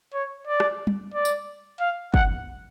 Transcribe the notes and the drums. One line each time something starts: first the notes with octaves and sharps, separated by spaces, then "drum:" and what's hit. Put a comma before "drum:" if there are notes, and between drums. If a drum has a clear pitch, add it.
C#5
D5
drum: rim click
drum: tom
D5
drum: tambourine
F5
F#5, drum: kick